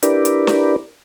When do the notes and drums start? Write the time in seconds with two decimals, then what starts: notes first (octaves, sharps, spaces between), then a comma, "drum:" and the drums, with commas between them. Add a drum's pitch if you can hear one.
0.03 D4 E4 G4 A#4 B4 D5, drum: hi-hat
0.25 drum: hi-hat
0.47 drum: snare